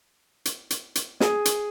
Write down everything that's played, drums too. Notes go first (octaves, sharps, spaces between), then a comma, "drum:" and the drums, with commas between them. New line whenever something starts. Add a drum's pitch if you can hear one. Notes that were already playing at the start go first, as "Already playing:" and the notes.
drum: hi-hat
drum: hi-hat
drum: hi-hat
G#4, drum: snare
drum: hi-hat